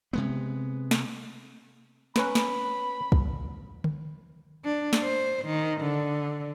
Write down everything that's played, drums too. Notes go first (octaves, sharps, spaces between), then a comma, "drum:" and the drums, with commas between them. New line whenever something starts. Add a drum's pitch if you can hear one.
C3 G#3 B3
drum: snare
C#4 B4 A#5 B5, drum: snare
drum: snare
drum: kick
drum: tom D3
D4
drum: snare
C5
D#3
D3